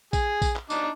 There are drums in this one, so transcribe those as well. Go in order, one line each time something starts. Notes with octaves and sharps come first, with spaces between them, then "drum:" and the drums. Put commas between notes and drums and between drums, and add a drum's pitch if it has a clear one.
G#4, drum: kick A#1, tambourine
drum: kick A#1, tambourine
drum: clap
D4 D#4 D6, drum: tambourine